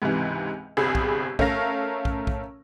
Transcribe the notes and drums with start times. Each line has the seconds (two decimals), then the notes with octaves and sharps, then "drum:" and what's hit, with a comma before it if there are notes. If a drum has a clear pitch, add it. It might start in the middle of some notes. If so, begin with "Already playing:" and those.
0.02 C#2 G#2 C3 E3
0.77 G1 C2 C4 G#4 B5 E6
0.95 drum: kick
1.39 A3 C#4 A#4 F5 A#6, drum: kick
2.05 drum: kick
2.27 drum: kick